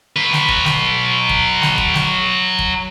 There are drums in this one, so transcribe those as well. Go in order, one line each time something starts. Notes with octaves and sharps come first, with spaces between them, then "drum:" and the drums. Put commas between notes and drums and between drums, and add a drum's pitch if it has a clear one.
F#3 B4
drum: snare
drum: kick
drum: snare
drum: kick
drum: snare
drum: kick
drum: snare
drum: kick